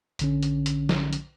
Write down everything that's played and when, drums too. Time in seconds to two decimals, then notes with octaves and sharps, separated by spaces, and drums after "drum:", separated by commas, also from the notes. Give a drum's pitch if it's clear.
0.19 A#1 D3 C#4, drum: hi-hat
0.43 drum: hi-hat
0.66 drum: hi-hat
0.89 drum: snare
1.13 drum: hi-hat